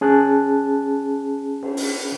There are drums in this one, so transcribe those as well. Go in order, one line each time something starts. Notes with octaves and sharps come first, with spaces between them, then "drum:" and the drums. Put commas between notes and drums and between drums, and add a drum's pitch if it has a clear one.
C#4 G#4 A5 F#6
drum: cymbal
drum: open hi-hat